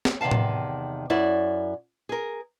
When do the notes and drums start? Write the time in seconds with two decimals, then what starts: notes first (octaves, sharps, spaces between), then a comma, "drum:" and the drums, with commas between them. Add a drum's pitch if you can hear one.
0.05 drum: snare
0.21 E2 C3 D#3 F5 A5
0.31 drum: tom A2
1.10 F#2 E4 D5
2.09 G#4 A#4